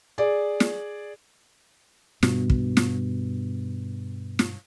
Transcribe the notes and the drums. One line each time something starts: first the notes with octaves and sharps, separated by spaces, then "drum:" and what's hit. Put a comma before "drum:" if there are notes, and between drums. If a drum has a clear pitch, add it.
G#4 D5
drum: snare
G2 B2, drum: snare
drum: kick
drum: snare
drum: snare